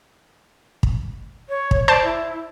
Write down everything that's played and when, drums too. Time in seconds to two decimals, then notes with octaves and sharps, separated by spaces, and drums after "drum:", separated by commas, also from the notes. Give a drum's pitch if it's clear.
0.83 drum: kick
1.49 C#5
1.71 drum: kick
1.88 C5 D5 A5
2.04 E4